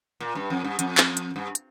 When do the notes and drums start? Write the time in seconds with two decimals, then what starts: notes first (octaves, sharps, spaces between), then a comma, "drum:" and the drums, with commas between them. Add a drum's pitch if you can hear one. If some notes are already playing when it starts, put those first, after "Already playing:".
0.20 A#2
0.35 G2
0.50 F2
0.64 G2
0.79 F2, drum: hi-hat
0.98 drum: clap
1.17 drum: hi-hat
1.36 G2
1.55 drum: hi-hat